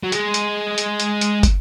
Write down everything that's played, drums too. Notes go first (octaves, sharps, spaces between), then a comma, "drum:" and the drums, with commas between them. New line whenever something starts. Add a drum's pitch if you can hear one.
F#3
G#3, drum: hi-hat
drum: hi-hat
drum: hi-hat
drum: hi-hat
drum: hi-hat
drum: kick, hi-hat